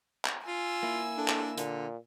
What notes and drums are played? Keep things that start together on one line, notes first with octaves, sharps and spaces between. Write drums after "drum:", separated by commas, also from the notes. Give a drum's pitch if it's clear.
drum: clap
F4 G#5 E6
A#3 E4
D4 A4
drum: clap
A#2 D3, drum: hi-hat